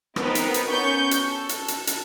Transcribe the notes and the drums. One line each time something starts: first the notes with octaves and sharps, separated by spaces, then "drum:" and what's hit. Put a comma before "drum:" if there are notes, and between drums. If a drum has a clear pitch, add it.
B3 C4 D#4 A#4 B4, drum: rim click
drum: hi-hat
drum: hi-hat
B3 C#4 C#6 G6
drum: hi-hat
A4
drum: hi-hat
drum: hi-hat
drum: hi-hat